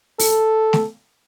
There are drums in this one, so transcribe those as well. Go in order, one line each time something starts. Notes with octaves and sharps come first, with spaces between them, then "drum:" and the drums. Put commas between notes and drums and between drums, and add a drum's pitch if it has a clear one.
A4, drum: open hi-hat
drum: snare